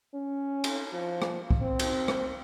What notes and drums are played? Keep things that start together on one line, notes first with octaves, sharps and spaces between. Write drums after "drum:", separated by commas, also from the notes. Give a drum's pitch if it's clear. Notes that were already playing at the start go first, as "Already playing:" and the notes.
C#4
drum: cymbal
F3
drum: rim click
drum: kick
C4
drum: cymbal
drum: rim click